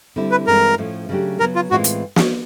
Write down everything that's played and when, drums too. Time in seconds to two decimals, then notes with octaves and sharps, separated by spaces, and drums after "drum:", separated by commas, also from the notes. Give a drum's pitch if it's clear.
0.16 D3 G3 C4 E4
0.31 B4
0.47 G2 E3 G#3 C4 F4 A#4
0.78 A2 F3 A3 C#4 F4
1.09 C#3 F#3 A3 D4 G4
1.40 C#3 F#3 B3 A#4
1.56 F4
1.71 A2 E3 G#3 C4 F4 F#4
1.84 drum: hi-hat
2.16 drum: snare